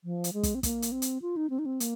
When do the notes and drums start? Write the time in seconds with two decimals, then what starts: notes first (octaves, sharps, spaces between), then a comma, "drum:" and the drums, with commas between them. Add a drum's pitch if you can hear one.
0.04 F3
0.24 drum: hi-hat
0.33 G#3
0.43 drum: kick, hi-hat
0.55 C4
0.63 A#3, drum: kick, hi-hat
0.82 drum: hi-hat
0.92 C4
1.02 drum: hi-hat
1.22 F4
1.36 D#4
1.50 C4
1.59 D#4
1.66 C4
1.80 A#3, drum: hi-hat